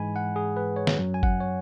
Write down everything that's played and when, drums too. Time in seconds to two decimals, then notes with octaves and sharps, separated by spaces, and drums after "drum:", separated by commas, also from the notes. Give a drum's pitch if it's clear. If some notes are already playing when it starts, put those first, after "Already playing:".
Already playing: G#2 E3 G#3 G#5 B5
0.16 F#5
0.36 G#4
0.57 B4
0.76 C#5
0.87 drum: snare
0.97 F#2 F#3
1.14 G#5
1.23 F#5, drum: kick
1.40 C#5